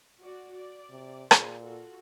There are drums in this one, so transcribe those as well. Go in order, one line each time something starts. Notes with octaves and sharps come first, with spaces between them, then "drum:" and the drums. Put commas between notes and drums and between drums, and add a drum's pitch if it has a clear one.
F#4 D5
D5
C3
A#2 G#4 C5, drum: rim click
F4 F#4 A4